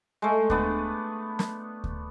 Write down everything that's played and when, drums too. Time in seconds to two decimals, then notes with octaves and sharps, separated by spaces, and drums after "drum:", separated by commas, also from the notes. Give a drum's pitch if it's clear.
0.22 G#3 A3
0.50 B3 D4, drum: kick D2
1.39 drum: snare
1.84 drum: kick D2